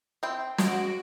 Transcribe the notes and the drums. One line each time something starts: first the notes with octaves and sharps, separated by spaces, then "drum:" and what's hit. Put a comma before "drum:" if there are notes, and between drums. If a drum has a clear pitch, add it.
C4 E4 G5
G#3 F#4 D7, drum: snare